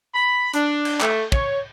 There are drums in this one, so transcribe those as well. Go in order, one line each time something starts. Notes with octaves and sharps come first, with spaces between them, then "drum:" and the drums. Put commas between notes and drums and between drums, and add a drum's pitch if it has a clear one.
B5
D4, drum: hi-hat
drum: cymbal
A3, drum: clap
C#5, drum: kick